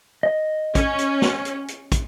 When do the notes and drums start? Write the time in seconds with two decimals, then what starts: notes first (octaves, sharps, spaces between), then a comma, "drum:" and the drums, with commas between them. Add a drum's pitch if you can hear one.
0.23 D#5
0.75 C#4, drum: kick, hi-hat
0.99 drum: hi-hat
1.22 drum: snare
1.45 drum: hi-hat
1.68 drum: hi-hat
1.92 drum: kick, hi-hat